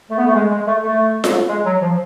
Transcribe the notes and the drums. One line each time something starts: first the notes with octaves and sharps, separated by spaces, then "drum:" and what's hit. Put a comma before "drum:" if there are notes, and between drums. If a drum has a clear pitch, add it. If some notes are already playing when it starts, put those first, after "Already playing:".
A3
B3
A3
G#3
G#3
A3
A3
drum: snare F4
G#3
F#3
F3